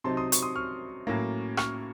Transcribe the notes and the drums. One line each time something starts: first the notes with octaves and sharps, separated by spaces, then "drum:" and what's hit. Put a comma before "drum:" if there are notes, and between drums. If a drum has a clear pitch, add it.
C3 F#3 C4 D#4 A5 C6
C6 D#6
C#6, drum: hi-hat
C6 D#6
C#6 F6
A2 F#3 A#3 C#4
C#6 F6, drum: rim click